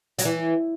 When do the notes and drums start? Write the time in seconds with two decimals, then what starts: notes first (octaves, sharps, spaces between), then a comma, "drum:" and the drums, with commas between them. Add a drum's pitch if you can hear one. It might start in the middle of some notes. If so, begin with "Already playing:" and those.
0.19 F#3, drum: hi-hat
0.25 E3